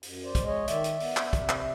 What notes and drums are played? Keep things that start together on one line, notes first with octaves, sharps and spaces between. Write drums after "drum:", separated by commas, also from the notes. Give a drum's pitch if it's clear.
F#2, drum: open hi-hat
C5 D5
G#3, drum: kick, hi-hat
C#5 D#5
D#3 D5 E5, drum: hi-hat
drum: hi-hat
B3, drum: open hi-hat
drum: clap
C3, drum: kick, hi-hat
drum: clap